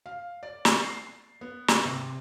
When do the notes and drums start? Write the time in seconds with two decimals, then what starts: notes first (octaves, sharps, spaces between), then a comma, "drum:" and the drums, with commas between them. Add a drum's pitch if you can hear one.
0.06 F5
0.43 D5
0.65 drum: snare
0.83 C7
1.41 B3
1.68 drum: snare
1.85 C3